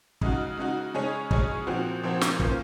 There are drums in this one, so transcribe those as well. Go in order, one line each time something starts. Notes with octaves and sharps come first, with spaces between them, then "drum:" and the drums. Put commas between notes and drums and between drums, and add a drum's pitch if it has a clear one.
C#3 G#3 D#4 F#4, drum: kick
C#3 G#3 D#4 F#4
C#3 G#3 C#4 G#4 C#5
C#3 G#3 C#4 G#4 C#5, drum: kick
A#2 F3 C4 F#4 C5
A#2 F3 C4 F#4 C5
drum: snare
A#3 C#4 F4 C5, drum: kick